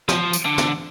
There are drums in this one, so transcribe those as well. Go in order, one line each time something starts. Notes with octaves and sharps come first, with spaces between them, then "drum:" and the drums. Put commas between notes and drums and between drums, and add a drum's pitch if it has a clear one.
F3, drum: snare
drum: tambourine
D3
drum: snare